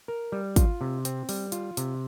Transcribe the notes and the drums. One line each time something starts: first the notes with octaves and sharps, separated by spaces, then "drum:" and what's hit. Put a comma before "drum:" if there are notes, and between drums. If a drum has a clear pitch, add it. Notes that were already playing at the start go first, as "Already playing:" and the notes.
A#4
G3
F4, drum: kick, hi-hat
C3
C4, drum: hi-hat
G3, drum: open hi-hat
F4, drum: hi-hat
C3, drum: hi-hat